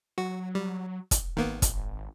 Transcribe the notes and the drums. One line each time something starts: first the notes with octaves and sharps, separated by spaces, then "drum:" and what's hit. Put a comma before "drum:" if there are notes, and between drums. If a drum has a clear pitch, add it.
F#3 F#4
G3
drum: kick, hi-hat
G#1 D#3 A#3 B3
drum: kick, hi-hat